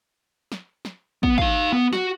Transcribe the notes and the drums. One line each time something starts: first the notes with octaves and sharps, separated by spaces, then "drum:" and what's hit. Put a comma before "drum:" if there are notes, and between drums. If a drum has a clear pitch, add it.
drum: snare
drum: snare
B3, drum: kick
D#4 F5, drum: kick
B3
F#4, drum: snare